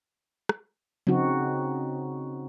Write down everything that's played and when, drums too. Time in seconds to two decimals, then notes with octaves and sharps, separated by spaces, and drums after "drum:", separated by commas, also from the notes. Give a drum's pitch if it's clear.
0.49 drum: rim click
1.07 C#3 C4 D#4 F#4, drum: tom F3